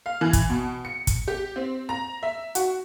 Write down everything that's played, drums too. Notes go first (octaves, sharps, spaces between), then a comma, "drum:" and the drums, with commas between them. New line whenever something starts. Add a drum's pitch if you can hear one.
F5
E3
drum: kick, hi-hat
B2
C#7
drum: kick, hi-hat
G4
C4
A#5
E5
F#4, drum: hi-hat